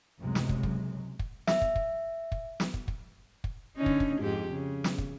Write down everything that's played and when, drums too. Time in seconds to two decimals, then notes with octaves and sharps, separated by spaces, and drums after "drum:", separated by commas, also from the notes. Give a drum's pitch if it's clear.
0.20 C#2 F#2 A2 C3 F#3 G#3
0.35 drum: snare
0.49 drum: kick
0.63 drum: kick
1.19 drum: kick
1.47 E5, drum: snare
1.61 drum: kick
1.76 drum: kick
2.32 drum: kick
2.60 drum: snare
2.74 drum: kick
2.88 drum: kick
3.44 drum: kick
3.76 D3 C#4 D#4
3.86 drum: kick
4.00 drum: kick
4.21 F2 G#2 G4
4.52 C#3
4.84 drum: snare
4.98 drum: kick